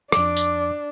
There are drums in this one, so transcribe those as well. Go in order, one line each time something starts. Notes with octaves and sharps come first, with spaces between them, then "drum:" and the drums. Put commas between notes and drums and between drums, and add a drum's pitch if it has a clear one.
F2 D4 D6, drum: rim click
drum: tambourine